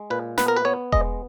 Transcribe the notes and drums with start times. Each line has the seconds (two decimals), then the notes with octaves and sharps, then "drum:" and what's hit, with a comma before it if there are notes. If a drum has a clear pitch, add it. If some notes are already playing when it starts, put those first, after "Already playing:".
Already playing: G#3
0.10 A#2 B4
0.38 B3 B4, drum: snare
0.48 A#4
0.56 B4
0.65 B3 C#5
0.92 G#3 D#5, drum: kick E1